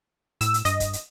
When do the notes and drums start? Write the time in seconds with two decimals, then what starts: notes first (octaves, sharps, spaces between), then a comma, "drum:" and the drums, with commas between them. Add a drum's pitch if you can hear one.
0.41 A2 E6, drum: hi-hat
0.54 drum: hi-hat
0.65 G2 D#5, drum: hi-hat
0.80 drum: kick, hi-hat
0.93 drum: hi-hat